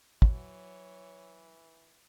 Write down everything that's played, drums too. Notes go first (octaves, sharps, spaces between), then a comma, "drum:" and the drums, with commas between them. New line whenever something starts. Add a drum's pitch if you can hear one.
E3 F#3 C#5 F#5, drum: kick